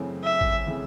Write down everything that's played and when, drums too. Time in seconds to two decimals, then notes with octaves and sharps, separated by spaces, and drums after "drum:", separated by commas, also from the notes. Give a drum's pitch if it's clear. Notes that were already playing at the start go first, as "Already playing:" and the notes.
Already playing: F#2 C#3 E3 A3 C4
0.24 E5
0.41 drum: kick G#1
0.66 C#3 E3 A3 C4